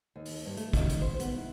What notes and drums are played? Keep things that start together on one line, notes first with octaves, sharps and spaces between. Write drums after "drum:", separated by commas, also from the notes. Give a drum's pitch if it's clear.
D#2
drum: open hi-hat
G2
A3, drum: hi-hat
D#3, drum: kick, hi-hat
drum: hi-hat
C5
B3, drum: hi-hat
E4